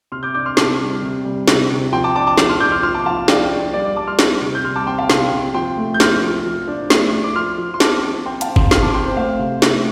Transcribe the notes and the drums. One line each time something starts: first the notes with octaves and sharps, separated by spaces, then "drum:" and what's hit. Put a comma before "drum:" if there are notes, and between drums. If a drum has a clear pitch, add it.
C3 C6 F6
D6 G6
D4 D6 G6
C6 F6
C3 A5 D6, drum: snare
G3
C3
G3
C3, drum: snare
C3
F3 G5 C6
A5 D6
D4 A5 D6
A5 D6
F3, drum: snare
C6 F6
D4 D6 G6
C6 F6
F3 C6 F6
A5 D6
F3 F5 A5
F3 D5 G5, drum: snare
D4
G3 D5
D5
G3 A5 D6
C6 F6
G3, drum: snare
C3
G6
G3 C6 F6
A5 D6
C4 G5 C6
F5 A5
C3 G5 C6, drum: snare
C3
F3 G5 C6
A3
G6
F3 C6 F6, drum: snare
F3
F3
D4
A3, drum: snare
D4
D6
F3 C6 F6
F3
C6
C4 A5 D6, drum: snare
C4
C4 G5 C6
F5 A5, drum: hi-hat
C4
G5 C6, drum: kick
F3 C6 F6, drum: snare
A5 D6
C4 G5 C6
C5
A3 C5 F5
C3
A3, drum: snare